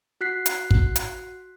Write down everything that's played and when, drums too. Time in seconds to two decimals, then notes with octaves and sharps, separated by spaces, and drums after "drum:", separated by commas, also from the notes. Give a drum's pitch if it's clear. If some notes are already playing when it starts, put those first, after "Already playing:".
0.21 F#4 F#6 B6 C7
0.46 drum: hi-hat
0.71 drum: kick
0.96 drum: hi-hat